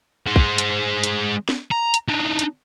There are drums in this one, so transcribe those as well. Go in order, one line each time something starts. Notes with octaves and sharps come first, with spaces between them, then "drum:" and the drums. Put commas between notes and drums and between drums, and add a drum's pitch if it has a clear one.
G#3 C5
drum: kick
drum: hi-hat
drum: hi-hat
drum: snare
A#5
drum: hi-hat
D4 D#4
drum: hi-hat